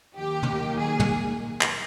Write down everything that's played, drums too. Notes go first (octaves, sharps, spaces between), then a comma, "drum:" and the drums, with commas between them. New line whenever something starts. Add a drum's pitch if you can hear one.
D#2 D#3 F#3 A#3 G4
drum: tom
G#4
drum: tom
drum: clap